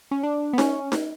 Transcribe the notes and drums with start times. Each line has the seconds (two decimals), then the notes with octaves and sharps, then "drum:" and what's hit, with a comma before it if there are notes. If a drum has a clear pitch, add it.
0.11 C#4
0.23 D4
0.53 B3
0.58 C#4, drum: snare D#4
0.92 drum: snare D#4